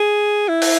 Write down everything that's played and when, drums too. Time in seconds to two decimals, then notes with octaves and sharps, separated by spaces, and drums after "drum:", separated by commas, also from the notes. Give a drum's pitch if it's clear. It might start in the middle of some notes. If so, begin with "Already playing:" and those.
Already playing: G#4
0.48 E4
0.62 drum: open hi-hat